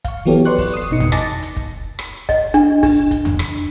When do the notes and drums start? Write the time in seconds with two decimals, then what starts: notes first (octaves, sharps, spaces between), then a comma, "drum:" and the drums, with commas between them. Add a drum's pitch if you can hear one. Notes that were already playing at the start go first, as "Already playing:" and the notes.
0.05 F5 C#6, drum: kick, hi-hat
0.26 E3 F#3 B3 G4 A4 C#5
0.45 B4 D5 C6 C#6 F#6
0.58 drum: kick, open hi-hat
0.74 D#6 C7
0.90 G#1 B2 D#4 C#7
1.00 drum: tom E2
1.12 D#5 G#5 A5 D6 A6 A#6, drum: rim click
1.42 drum: hi-hat
1.56 drum: kick
1.99 drum: rim click
2.29 D#5, drum: kick, hi-hat
2.54 D4, drum: hi-hat
2.83 D4, drum: kick, open hi-hat
3.11 drum: kick, hi-hat
3.25 drum: tom E2
3.39 drum: rim click